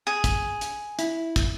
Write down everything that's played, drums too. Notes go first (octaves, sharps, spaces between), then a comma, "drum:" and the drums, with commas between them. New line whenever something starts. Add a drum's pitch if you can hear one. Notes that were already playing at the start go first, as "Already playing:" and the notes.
G#4
drum: kick, hi-hat
drum: hi-hat
E4, drum: hi-hat
drum: kick, hi-hat